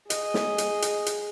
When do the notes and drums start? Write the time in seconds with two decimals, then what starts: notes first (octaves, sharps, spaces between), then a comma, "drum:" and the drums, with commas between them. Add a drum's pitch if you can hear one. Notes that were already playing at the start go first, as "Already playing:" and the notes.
0.10 G#4 D#5, drum: hi-hat
0.34 drum: snare
0.58 drum: hi-hat
0.82 drum: hi-hat
1.06 drum: hi-hat